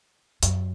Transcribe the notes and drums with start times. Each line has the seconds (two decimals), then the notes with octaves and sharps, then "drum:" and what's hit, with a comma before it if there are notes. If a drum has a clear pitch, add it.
0.43 F#2, drum: hi-hat